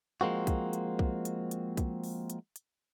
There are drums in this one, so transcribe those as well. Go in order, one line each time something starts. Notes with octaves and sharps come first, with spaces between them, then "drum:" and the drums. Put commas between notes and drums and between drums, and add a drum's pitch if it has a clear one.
F3 G#3 A#3 C4 F#4
drum: kick, hi-hat
drum: hi-hat
drum: kick
drum: hi-hat
drum: hi-hat
drum: kick, hi-hat
drum: open hi-hat
drum: hi-hat
drum: hi-hat